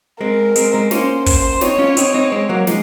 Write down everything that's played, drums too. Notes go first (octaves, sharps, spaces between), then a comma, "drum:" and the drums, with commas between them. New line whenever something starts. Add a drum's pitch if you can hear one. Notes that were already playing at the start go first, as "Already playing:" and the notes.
G#3 C4 A#4
G#3 C4, drum: hi-hat
G#3 C4
A#3 C#4 C5, drum: snare
C5, drum: kick, open hi-hat
C4 D#4 C#5, drum: snare
C#4 F4
C4 D#4, drum: hi-hat
C4 D#4
G#3 C4
F#3 A#3
F3 G#3, drum: snare